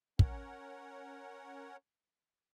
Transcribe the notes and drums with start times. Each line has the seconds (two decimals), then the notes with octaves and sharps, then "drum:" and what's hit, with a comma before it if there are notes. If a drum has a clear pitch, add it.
0.19 C#4 A#4 C#5 F#5, drum: kick